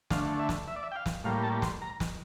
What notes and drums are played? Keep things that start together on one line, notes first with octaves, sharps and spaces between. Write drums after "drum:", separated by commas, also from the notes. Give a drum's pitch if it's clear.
D3 A3 F5, drum: snare
E5
drum: snare
E5
D5
E5
G5
F5
drum: snare
A2 G3 A#3 F5
A5
C6, drum: snare
A#5
drum: snare